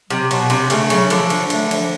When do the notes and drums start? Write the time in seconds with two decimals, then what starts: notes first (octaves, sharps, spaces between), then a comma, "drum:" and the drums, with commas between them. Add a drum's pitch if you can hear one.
0.10 C3 F#3
0.31 B2 F#3, drum: cymbal
0.50 C3 D4, drum: cymbal
0.70 C#3 A3, drum: cymbal
0.90 C#3 F#3, drum: cymbal
1.10 D3 F3, drum: cymbal
1.30 D4, drum: cymbal
1.50 A3, drum: cymbal
1.71 F3, drum: cymbal